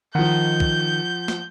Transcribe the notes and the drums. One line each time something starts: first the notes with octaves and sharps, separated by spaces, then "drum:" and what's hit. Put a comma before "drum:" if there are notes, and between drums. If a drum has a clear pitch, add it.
D#3 F3 F#5 G6
drum: kick
drum: snare